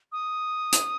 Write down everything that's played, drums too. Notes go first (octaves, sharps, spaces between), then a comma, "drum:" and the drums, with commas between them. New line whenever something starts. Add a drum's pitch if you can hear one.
D#6
drum: hi-hat